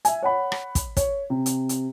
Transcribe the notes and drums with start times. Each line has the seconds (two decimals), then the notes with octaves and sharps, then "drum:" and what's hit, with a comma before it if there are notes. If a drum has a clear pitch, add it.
0.05 E5 G#5, drum: hi-hat
0.22 C#5 F#5 B5
0.52 drum: rim click
0.75 drum: kick, hi-hat
0.97 C#5, drum: kick, hi-hat
1.30 C3
1.46 drum: hi-hat
1.69 drum: hi-hat